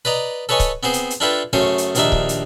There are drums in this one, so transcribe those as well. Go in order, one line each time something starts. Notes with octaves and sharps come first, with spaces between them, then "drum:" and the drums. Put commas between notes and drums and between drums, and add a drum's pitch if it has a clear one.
B4 D5 D#5 A#5
A4 B4 C#5 D#5 G#5
drum: kick C#1, hi-hat
B3 C4 G#4 C5
drum: hi-hat
drum: hi-hat
D4 E4 F4 A4 B4 G5
F#2 C#3 A3 C5 C#5 G#5
drum: hi-hat
A#1 D#2 A#3 D4 D#4 E5, drum: hi-hat
drum: kick C#1
drum: hi-hat